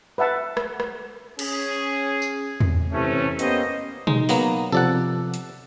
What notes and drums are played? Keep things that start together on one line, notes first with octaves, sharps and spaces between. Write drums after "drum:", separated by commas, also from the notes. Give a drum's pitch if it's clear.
B4 E5 F#5 A5
drum: rim click
drum: rim click
C#4 G#4, drum: cymbal
drum: tambourine
drum: tom E2
C3 E3 A3 C#4
A#3 B3 C#4 G4 C5 D#5, drum: hi-hat
G#3 D#4, drum: tom B2
F#3 A#3 B3, drum: open hi-hat
C3 F3 A4 D5 F#5
drum: hi-hat